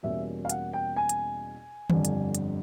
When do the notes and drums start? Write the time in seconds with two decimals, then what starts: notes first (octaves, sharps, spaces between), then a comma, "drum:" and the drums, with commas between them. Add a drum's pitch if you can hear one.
0.03 E2 B2 G3 A#3 C#4 E5
0.45 F5
0.49 F#5, drum: hi-hat
0.73 G5
0.96 G#5
1.09 drum: hi-hat
1.90 G1 F2 D3 G3, drum: tom D#3
2.05 drum: hi-hat
2.35 drum: hi-hat